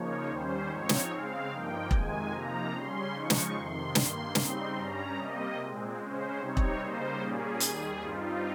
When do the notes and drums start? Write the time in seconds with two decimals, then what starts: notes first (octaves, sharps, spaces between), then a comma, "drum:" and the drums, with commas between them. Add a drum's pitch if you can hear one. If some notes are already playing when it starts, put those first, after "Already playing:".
Already playing: C#3 F3 A#3 D#4 C#5
0.28 D#2 D#3 G3 C#4 C5
0.69 G#2 F3 C4 D#4 C#5
0.89 drum: snare
1.10 C#3 G#3 C4 F5
1.50 G2 F3 A#3 D#4 G5
1.91 F2 C3 D#3 G#3 G#5, drum: kick E1
2.32 C3 F3 A#3 D#4 A#5
2.72 C#3 G3 C#4 C6
3.13 C#3 F3 G#3 D#4 C#6
3.30 drum: snare
3.53 F2 C3 D#3 C6
3.95 G2 D#3 A#3, drum: snare
4.35 C#3 G3 C4 D#4, drum: snare
4.76 G2 G3 C#4 A#5
5.16 C3 G3 A#3 D#5
5.57 A#2 G#3 C4
5.98 C#3 G#3 C#4 C5
6.39 C3 G3 C4 D#4 C#5
6.57 drum: kick E1
6.80 C#3 G3 A#3 D#4 C5
7.20 A#2 G3 A#3 C#4 G#4
7.60 D#2 D#3 G3 G#4, drum: hi-hat
8.01 G2 G3 C4 D#4 F4